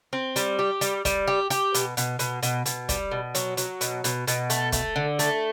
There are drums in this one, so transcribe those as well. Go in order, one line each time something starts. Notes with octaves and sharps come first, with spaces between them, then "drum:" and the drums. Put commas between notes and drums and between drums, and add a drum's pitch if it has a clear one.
C4
G3, drum: hi-hat
G4
G3, drum: hi-hat
G3, drum: kick, hi-hat
G4
G4, drum: hi-hat
B2, drum: hi-hat
B2, drum: hi-hat
B2, drum: hi-hat
B2, drum: hi-hat
B2, drum: hi-hat
G3, drum: kick, hi-hat
B2
F#3, drum: hi-hat
F#3, drum: hi-hat
B2, drum: hi-hat
B2, drum: hi-hat
B2, drum: hi-hat
A3, drum: hi-hat
A3, drum: kick, hi-hat
D3
A3, drum: hi-hat